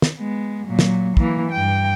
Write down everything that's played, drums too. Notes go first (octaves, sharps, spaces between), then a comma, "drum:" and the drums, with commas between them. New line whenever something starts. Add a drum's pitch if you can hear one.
drum: snare
G#3 B3
A#2 F#3
drum: snare
E3 A#3, drum: kick
G2 G5